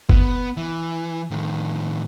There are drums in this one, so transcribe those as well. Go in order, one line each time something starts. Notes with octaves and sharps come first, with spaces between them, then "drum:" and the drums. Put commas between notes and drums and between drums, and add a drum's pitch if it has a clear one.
B3, drum: kick
E3
A2 D#3